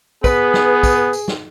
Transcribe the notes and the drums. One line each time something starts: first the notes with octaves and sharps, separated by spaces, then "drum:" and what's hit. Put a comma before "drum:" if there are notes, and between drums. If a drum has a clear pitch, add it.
B3 G#4 B4, drum: kick, tambourine
drum: snare
drum: kick, tambourine
drum: tambourine
drum: snare